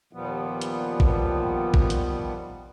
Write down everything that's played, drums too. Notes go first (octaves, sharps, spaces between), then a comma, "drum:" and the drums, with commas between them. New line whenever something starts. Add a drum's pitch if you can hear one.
D#2 A#2 F3 G3 B3
drum: hi-hat
drum: kick A1
drum: kick A1
drum: hi-hat